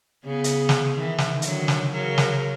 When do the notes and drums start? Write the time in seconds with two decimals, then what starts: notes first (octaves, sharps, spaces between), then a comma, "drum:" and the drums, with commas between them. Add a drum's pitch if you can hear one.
0.24 C#3 B3 G#4
0.44 drum: hi-hat
0.69 drum: snare
0.97 D#3 E3
1.18 drum: snare
1.42 D3 D#3 F#3, drum: hi-hat
1.68 drum: snare
1.93 C#3 F#3 A#4
2.18 drum: snare